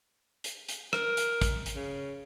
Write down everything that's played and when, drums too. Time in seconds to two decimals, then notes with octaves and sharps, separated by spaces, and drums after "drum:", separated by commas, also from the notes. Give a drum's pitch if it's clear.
0.44 drum: hi-hat
0.69 drum: hi-hat
0.93 A#4, drum: rim click
1.17 drum: hi-hat
1.42 drum: kick, hi-hat
1.66 drum: hi-hat
1.76 C#3